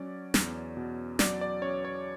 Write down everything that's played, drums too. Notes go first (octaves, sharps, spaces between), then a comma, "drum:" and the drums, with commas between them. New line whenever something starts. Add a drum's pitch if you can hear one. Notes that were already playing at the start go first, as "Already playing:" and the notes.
Already playing: F#3 C#4 D5
E2, drum: snare
B2
F#3 D5, drum: snare
D5
C#4 C#5
C#5